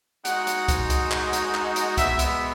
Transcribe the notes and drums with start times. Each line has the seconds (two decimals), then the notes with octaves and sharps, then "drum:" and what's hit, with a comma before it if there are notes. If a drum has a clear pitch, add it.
0.25 G#3 D#4 F#4 F#5, drum: hi-hat
0.47 drum: hi-hat
0.68 drum: kick C2, hi-hat
0.90 drum: hi-hat
1.11 drum: clap
1.33 drum: hi-hat
1.54 drum: clap
1.76 drum: hi-hat
1.97 G#3 B3 F#4 E5, drum: kick C2, hi-hat
2.19 drum: hi-hat